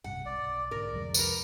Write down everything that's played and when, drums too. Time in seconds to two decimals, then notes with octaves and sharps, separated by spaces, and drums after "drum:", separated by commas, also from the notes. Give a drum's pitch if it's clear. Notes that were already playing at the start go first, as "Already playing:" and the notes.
0.04 D1 G2 C3 F#5
0.26 B1 D5
0.71 G#2 D3 A#4 D5
0.93 C2 F2 G#3
1.14 A#4 B4, drum: tambourine